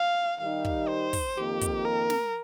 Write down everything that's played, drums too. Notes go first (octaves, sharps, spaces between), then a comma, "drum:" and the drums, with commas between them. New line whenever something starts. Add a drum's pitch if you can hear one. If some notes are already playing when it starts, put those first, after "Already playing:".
Already playing: F5
D#3 G3 D#4 G4 F5
drum: kick
C5
drum: kick, open hi-hat
F2 D#3 A#3 G4
drum: kick, hi-hat
A#4
drum: snare